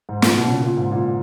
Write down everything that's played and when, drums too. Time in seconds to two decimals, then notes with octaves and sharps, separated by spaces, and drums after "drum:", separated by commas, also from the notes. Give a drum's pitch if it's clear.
0.09 G#2
0.22 A#2, drum: snare
0.35 B2
0.47 A#2 C#3
0.62 A#2
0.77 G#2
0.91 A#2